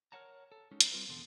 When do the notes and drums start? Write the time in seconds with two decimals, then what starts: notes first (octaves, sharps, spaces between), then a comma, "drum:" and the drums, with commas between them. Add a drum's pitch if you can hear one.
0.12 A#4 C5 C#5 F#5 A5 A#5
0.52 A4
0.71 G#3 C#4 D#4
0.81 drum: hi-hat
0.92 G3 C4 F4 A#4 B4
1.08 E2 B2 D3 B3 A4 C6